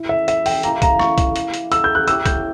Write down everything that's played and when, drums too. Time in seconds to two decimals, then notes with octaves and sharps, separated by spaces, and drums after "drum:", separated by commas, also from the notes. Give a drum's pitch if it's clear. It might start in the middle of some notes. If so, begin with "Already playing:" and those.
Already playing: E4
0.09 E5
0.28 E5, drum: hi-hat
0.46 G5, drum: open hi-hat
0.63 A#3 E4 G4 A#5, drum: hi-hat
0.82 A#5, drum: kick, hi-hat
0.99 C#6, drum: rim click
1.18 drum: kick, hi-hat
1.36 drum: hi-hat
1.54 drum: hi-hat
1.72 E6, drum: hi-hat
1.84 G6
1.95 F#6
2.08 E4 G4 C#5 E6, drum: hi-hat
2.26 G6, drum: kick, hi-hat